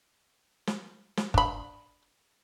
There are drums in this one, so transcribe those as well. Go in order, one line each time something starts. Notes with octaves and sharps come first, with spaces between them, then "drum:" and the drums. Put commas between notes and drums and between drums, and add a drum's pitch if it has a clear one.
drum: snare
drum: snare
D4 B5, drum: kick F#1